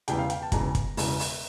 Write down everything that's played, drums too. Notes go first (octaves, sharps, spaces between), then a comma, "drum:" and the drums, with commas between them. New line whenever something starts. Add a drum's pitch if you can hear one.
E1 E2 C#3 G5, drum: hi-hat
F5
G5, drum: hi-hat
A5
E1 E2 C#3 A#5, drum: kick, hi-hat
drum: kick, hi-hat
E1 E2 C#3, drum: open hi-hat
drum: open hi-hat